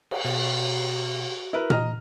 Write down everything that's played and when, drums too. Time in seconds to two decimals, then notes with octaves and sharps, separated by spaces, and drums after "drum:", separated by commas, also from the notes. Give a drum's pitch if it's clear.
0.11 drum: cymbal
0.25 B2 F#4
1.53 E4 A#4 B4
1.70 A#2 C#3 E3 D#5 A#5 F6, drum: tom A#2